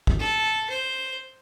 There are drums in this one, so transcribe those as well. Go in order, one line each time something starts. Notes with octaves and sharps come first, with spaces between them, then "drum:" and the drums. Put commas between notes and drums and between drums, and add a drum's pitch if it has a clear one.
drum: kick
A4
C5